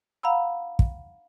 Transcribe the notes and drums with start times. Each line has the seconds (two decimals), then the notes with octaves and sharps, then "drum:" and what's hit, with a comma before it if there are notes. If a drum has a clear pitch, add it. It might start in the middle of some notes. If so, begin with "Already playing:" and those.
0.23 F5 F#5 A#5 B5 E6
0.79 drum: kick